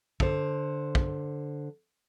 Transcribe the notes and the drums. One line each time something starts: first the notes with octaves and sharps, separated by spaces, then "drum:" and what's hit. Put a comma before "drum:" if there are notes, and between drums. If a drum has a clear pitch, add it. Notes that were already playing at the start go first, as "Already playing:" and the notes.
D3 C5, drum: kick
drum: kick